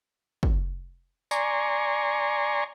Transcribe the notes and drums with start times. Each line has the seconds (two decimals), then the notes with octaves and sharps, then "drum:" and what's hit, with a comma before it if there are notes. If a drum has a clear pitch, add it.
0.43 drum: kick
1.31 D5 G#5 A#5 C6 C#6, drum: tambourine